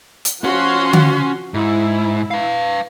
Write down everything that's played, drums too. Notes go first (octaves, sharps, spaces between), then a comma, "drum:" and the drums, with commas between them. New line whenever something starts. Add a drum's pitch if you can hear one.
drum: hi-hat
F3 C#4 F#4 C6
drum: tom D3
G#2 E4
B4 F5